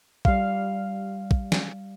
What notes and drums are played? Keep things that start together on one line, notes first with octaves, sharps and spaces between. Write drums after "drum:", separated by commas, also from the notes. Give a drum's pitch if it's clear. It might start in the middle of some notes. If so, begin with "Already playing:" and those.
G3 F5, drum: kick
drum: kick
drum: snare